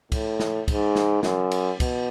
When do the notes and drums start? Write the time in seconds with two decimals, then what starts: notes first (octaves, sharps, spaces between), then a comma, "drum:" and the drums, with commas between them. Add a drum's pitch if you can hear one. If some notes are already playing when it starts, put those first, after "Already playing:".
0.12 A2, drum: kick, cymbal
0.39 drum: snare
0.68 G#2, drum: kick, cymbal
0.95 drum: snare
1.23 F#2, drum: snare
1.51 drum: cymbal
1.80 B2, drum: kick, cymbal